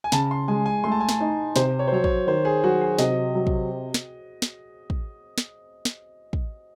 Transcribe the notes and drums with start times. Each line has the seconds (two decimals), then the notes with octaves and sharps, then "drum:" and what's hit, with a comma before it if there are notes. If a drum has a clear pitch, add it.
0.04 G#5
0.12 C#3 A5, drum: snare
0.31 C6
0.48 G#3 G#5
0.66 G#5
0.84 A3 C6
0.92 A5
1.00 G#5
1.09 A5, drum: snare
1.21 D#4
1.56 C3 C5, drum: snare
1.79 C#5
1.88 C5
1.92 F#3 C#5
2.04 C#5, drum: kick
2.27 D#3 C5
2.45 G#4
2.64 F#3 F#4
2.81 G#4
2.99 C3 D#5, drum: snare
3.35 F#3
3.47 drum: kick
3.94 drum: snare
4.42 drum: snare
4.90 drum: kick
5.38 drum: snare
5.85 drum: snare
6.33 drum: kick